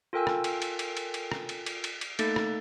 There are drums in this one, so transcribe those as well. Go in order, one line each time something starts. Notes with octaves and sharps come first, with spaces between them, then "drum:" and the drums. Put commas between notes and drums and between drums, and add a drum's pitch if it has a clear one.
F4 A4 A#4 G5 G#5 E6
drum: rim click
drum: cymbal
drum: cymbal
drum: cymbal
drum: cymbal
drum: cymbal
drum: rim click
drum: cymbal
drum: cymbal
drum: cymbal
drum: cymbal
A3 A#3 D#4 A4 A6, drum: cymbal
drum: rim click